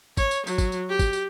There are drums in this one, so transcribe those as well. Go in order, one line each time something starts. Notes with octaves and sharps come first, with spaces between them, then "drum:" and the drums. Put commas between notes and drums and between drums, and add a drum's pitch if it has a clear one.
C#5, drum: kick, tambourine
drum: tambourine
F#3, drum: tambourine
drum: kick, tambourine
drum: tambourine
G4
drum: kick, tambourine
drum: tambourine